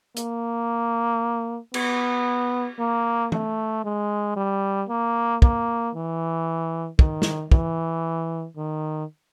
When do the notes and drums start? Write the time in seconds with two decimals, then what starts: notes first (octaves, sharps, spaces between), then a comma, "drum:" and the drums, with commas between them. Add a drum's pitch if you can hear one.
0.17 A#3, drum: hi-hat
1.74 B3, drum: cymbal
2.79 A#3
3.32 A3, drum: tom
3.84 G#3
4.36 G3
4.89 A#3
5.42 A#3, drum: kick
5.95 E3
6.99 D#3, drum: kick
7.22 drum: snare
7.52 E3, drum: kick
8.57 D#3